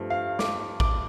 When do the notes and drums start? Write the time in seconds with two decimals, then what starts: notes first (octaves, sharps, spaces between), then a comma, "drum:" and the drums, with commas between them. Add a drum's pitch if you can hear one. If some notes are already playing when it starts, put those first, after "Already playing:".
Already playing: G2 F3 A3
0.10 F5
0.39 D6, drum: snare
0.80 D6, drum: kick